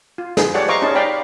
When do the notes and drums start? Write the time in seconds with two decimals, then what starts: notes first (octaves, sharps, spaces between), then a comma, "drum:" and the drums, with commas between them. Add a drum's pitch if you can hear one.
0.18 F4
0.37 G#4, drum: snare
0.54 G4 A4 C#5 D5 F#5
0.68 C5 D#5 F5 A#5 C#6 D6
0.82 C#4 D#4 G#4 A5
0.95 D5 F5 G5 B5